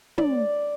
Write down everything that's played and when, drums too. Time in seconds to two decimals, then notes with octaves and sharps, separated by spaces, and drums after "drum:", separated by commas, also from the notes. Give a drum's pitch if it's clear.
0.18 D5, drum: tom